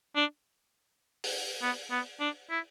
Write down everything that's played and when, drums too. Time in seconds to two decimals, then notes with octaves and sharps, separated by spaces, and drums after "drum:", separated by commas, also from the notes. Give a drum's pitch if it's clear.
0.16 D4
1.24 drum: open hi-hat
1.62 B3
1.91 B3
2.20 D4
2.50 E4